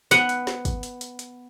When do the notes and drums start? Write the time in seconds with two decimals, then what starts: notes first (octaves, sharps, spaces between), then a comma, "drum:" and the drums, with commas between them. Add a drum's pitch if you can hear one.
0.11 B3 F#5, drum: snare
0.29 drum: hi-hat
0.47 drum: snare
0.65 drum: kick, hi-hat
0.83 drum: hi-hat
1.01 drum: hi-hat
1.19 drum: hi-hat